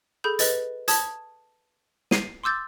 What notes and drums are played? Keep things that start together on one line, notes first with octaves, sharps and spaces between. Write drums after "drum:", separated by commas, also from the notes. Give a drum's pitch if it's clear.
G#4 A4 B5 G6
B4 D#5 A6, drum: hi-hat
A5 D#6 G#6, drum: hi-hat
C7 D#7, drum: snare
C6 D6 E6 G6 A6